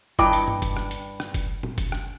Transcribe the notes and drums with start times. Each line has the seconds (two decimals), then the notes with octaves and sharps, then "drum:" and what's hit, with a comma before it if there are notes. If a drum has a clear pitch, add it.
0.19 G2 E4 D#5 G5 D6, drum: kick
0.33 drum: hi-hat
0.48 drum: tom
0.62 drum: kick, hi-hat
0.77 drum: rim click
0.91 drum: hi-hat
1.20 drum: rim click
1.34 drum: kick, hi-hat
1.63 drum: tom
1.78 drum: kick, hi-hat
1.92 drum: rim click